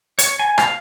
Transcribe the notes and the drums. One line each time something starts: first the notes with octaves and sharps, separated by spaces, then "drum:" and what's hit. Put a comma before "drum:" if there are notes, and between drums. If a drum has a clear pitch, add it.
C#5, drum: hi-hat
G#5
F5, drum: rim click